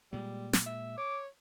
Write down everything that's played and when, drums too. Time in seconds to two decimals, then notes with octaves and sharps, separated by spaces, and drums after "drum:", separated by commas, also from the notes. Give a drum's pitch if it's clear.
0.13 A#2 G3 G#3
0.53 drum: snare
0.66 E5
0.98 C#5 D6